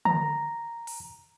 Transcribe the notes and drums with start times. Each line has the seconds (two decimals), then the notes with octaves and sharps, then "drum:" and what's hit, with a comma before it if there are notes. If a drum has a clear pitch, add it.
0.05 A#5, drum: tom D3
0.87 drum: open hi-hat